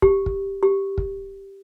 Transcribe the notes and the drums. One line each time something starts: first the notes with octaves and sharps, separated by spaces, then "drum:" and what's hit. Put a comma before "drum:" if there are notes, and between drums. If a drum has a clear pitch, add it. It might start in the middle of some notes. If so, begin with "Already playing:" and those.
G4, drum: kick
drum: kick
G4
drum: kick